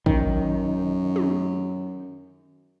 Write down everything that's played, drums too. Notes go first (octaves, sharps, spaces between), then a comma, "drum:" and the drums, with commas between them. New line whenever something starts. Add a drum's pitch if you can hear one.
F#2 D#3, drum: kick
drum: tom